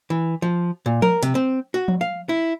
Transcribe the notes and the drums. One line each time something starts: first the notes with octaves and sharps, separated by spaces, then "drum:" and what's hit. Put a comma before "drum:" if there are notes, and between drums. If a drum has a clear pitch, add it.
E3
F3
A#2
A#4, drum: tom F3
C3, drum: hi-hat
C4
F#4
drum: tom F3
F5
E4